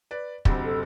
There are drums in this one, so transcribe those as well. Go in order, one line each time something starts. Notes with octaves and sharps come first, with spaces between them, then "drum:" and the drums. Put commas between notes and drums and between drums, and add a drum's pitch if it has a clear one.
B4 D5
F#1 D2 C3, drum: kick
A4